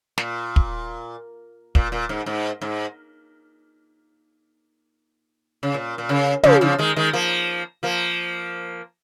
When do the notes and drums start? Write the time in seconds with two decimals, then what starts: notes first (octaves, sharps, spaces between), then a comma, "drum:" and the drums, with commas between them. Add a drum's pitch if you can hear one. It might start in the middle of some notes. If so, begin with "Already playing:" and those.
0.18 A#2, drum: snare
0.56 drum: kick
1.75 A#2, drum: kick
1.92 A#2
2.09 G#2
2.26 G#2
2.61 G#2
5.63 C#3
5.74 A#2
5.98 A#2
6.09 C#3
6.43 C#3 F3, drum: tom
6.61 C#3 F3
6.78 D#3 G#3
6.96 D#3 G#3
7.13 F3 A#3
7.83 F3 A#3